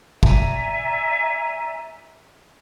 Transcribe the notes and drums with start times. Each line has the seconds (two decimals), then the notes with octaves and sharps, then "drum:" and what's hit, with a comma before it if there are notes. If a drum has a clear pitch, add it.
0.23 D5 E5 G#5 A#5, drum: kick